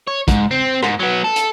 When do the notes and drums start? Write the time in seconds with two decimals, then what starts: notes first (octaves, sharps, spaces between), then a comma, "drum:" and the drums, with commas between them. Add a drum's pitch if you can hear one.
0.07 C#5
0.28 G#2, drum: kick, hi-hat
0.51 C4
0.83 G#2, drum: rim click
0.99 F#3 B3
1.24 A4
1.36 drum: hi-hat